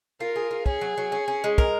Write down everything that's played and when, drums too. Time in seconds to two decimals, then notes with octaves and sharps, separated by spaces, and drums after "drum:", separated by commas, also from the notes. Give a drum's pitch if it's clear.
0.20 F4 A#4
0.36 G#4
0.51 F4
0.66 C#4 G#4, drum: kick
0.81 F#3
0.98 F#3
1.12 C#4
1.28 C#4
1.44 G#3
1.58 A#4, drum: kick